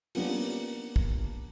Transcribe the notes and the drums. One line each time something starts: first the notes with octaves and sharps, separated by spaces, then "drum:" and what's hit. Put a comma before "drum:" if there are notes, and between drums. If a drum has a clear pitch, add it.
F3 G3 A#3 B3 C#4 D4, drum: open hi-hat
drum: kick